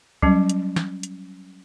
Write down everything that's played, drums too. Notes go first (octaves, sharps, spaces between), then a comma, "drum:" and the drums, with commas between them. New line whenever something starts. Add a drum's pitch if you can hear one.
F#3 G3 C#4, drum: kick
drum: hi-hat
drum: snare
drum: hi-hat